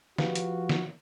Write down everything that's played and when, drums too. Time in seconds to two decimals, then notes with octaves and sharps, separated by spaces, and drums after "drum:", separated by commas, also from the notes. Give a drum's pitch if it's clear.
0.18 F3 F#4 G4 B4 F5, drum: snare
0.35 drum: hi-hat
0.69 drum: snare